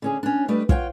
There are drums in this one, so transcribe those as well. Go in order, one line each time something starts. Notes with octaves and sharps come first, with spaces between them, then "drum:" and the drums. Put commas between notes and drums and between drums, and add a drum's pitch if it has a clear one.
D3 C#4 G#4
C#4 D4
G3 A3 D4 B4 D#5
F4 C#5 F#5 G5, drum: kick